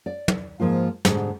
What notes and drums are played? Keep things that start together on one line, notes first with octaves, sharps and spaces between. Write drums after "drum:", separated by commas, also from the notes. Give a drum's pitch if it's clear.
D5
drum: tom
G#2 F3 A#3 F4
G#2 B2 D3 G3, drum: snare